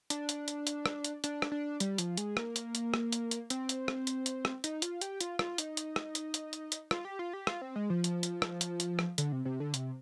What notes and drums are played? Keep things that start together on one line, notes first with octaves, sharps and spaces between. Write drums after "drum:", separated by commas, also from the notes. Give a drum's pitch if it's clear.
D4, drum: hi-hat
drum: hi-hat
drum: hi-hat
drum: hi-hat
drum: rim click
drum: hi-hat
D4, drum: hi-hat
drum: rim click
D4
G3, drum: hi-hat
F3, drum: hi-hat
G#3, drum: hi-hat
A#3, drum: rim click
drum: hi-hat
drum: hi-hat
drum: rim click
drum: hi-hat
drum: hi-hat
C4, drum: hi-hat
drum: hi-hat
drum: rim click
drum: hi-hat
drum: hi-hat
drum: rim click
D#4, drum: hi-hat
F4, drum: hi-hat
G4, drum: hi-hat
F4, drum: hi-hat
F4, drum: rim click
D#4, drum: hi-hat
drum: hi-hat
drum: rim click
drum: hi-hat
drum: hi-hat
drum: hi-hat
drum: hi-hat
F4, drum: rim click
G4
F4
G4
F4, drum: rim click
C4
G#3
F3
drum: hi-hat
drum: hi-hat
drum: rim click
drum: hi-hat
drum: hi-hat
drum: rim click
D3, drum: hi-hat
C3
C3
D3
C3, drum: hi-hat